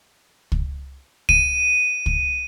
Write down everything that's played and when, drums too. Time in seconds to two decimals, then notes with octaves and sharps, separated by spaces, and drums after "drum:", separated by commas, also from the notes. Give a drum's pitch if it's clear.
0.52 drum: kick
1.29 D#7, drum: kick
2.06 drum: kick